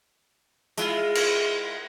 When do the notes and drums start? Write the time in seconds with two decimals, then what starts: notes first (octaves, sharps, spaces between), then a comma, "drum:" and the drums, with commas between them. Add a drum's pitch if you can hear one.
0.78 G#3 E4 F4, drum: hi-hat
1.15 drum: cymbal